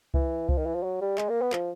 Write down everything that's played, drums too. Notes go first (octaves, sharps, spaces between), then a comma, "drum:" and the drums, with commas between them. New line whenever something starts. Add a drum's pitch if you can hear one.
E3, drum: kick C2
F3, drum: kick C2
D#3
E3
F3
F#3
G3
G#3, drum: clap
A#3
B3
F3, drum: clap